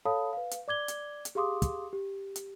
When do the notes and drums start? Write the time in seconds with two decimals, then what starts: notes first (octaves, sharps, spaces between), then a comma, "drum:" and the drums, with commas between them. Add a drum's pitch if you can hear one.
0.05 A4 C#5 F5 A5 B5 D#6
0.33 B4 F5
0.51 drum: hi-hat
0.68 D5 D6 G#6 G7
0.88 drum: hi-hat
1.25 drum: hi-hat
1.35 G4 G#4 F5 C6 D6 D#6
1.62 drum: kick, hi-hat
1.93 G4
2.36 drum: hi-hat